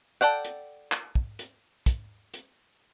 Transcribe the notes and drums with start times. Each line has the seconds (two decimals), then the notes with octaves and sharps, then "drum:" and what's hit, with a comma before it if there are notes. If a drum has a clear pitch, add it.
0.21 A4 D5 F#5 G5
0.45 drum: hi-hat
0.92 drum: clap
1.15 drum: kick
1.39 drum: hi-hat
1.86 drum: kick, hi-hat
2.34 drum: hi-hat